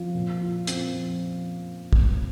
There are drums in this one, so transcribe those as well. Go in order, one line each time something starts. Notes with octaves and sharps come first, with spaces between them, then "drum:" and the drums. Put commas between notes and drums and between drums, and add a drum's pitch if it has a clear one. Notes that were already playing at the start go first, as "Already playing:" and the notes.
Already playing: F3 C4
A#2
F4
C4, drum: hi-hat
F3
drum: kick